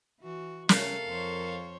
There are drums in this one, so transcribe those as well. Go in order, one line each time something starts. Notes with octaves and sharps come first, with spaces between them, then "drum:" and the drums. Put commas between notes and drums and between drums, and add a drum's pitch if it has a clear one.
E3 F#4
C3 A3 C#4 A4 A#4 F5, drum: snare
F2 C5 C#5